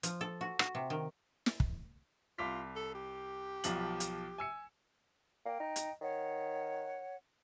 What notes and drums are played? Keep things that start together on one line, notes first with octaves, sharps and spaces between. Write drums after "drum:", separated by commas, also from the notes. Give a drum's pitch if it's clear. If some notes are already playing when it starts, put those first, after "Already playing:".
F3, drum: hi-hat
A4
F#4
F#4, drum: rim click
C3
D#3
drum: snare
drum: kick
C2 F4 D6 B6
A4
G4
B1 F3 F#7, drum: hi-hat
drum: hi-hat
G#5 E6 C#7
A#3 G5
D#4
drum: hi-hat
D#3 C#5 F#5